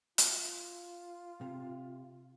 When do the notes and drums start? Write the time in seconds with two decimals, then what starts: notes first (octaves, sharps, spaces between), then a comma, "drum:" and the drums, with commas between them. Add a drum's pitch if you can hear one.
0.18 F4, drum: hi-hat
1.41 C3